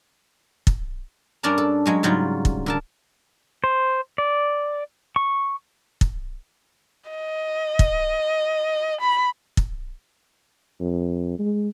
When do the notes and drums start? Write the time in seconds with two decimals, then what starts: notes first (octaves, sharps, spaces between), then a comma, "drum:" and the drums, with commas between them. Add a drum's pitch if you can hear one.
0.67 drum: kick
1.43 G2 C#4 D4 A#4 D5 A#5
1.58 A4
1.86 F#3 G#3 C#4
2.03 G#2 C#3 F#3 G3 F4
2.45 drum: kick
2.66 D3 A#4 A5
3.64 C5
4.18 D5
5.16 C#6
6.01 drum: kick
7.10 D#5
7.79 drum: kick
9.01 B5
9.57 drum: kick
10.80 F2
11.39 G#3